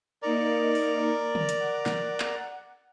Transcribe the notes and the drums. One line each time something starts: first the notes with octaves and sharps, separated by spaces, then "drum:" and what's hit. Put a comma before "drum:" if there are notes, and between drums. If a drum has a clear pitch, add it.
A#3 D#4 A#4 D5 C#7
drum: open hi-hat
drum: tom
drum: hi-hat
F#5
drum: snare
drum: clap